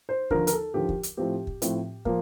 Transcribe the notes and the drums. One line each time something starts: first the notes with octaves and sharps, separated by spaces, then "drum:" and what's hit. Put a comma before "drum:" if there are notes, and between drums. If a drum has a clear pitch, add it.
C5
D#2 D3 F3 A#4, drum: kick
A#4, drum: hi-hat
A4
D#2 D3 F3 G4
drum: kick
drum: hi-hat
A2 F3 C4 G4
drum: kick
A2 F3 C4, drum: hi-hat
F3 A#3, drum: kick